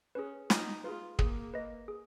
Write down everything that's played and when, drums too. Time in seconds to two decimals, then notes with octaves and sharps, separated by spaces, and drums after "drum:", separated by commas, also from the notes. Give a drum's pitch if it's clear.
0.15 C#4 G#4 B4
0.50 D#4 F4, drum: snare
0.84 F4 G#4 B4
1.19 A#3 G#4, drum: kick
1.54 B4 D#5
1.88 G#4